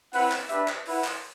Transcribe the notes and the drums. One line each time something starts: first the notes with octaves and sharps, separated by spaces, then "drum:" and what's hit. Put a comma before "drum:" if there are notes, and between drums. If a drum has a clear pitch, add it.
C4 E4 B4 F#5, drum: open hi-hat
drum: clap
D4 G4 B4 E5, drum: hi-hat
drum: clap
E4 B4 F#5, drum: open hi-hat
drum: clap